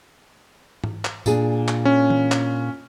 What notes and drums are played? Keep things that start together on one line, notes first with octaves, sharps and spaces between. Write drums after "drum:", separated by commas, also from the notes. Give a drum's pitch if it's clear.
drum: tom G#2
drum: clap
A#2 D4 G#4, drum: tambourine
drum: clap
C#4
drum: tom E3
drum: clap